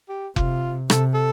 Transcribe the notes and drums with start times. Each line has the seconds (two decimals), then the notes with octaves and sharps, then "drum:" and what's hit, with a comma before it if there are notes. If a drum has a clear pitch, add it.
0.09 G4
0.36 C3 F4, drum: kick F1
0.90 C3 A4, drum: rim click
1.14 A4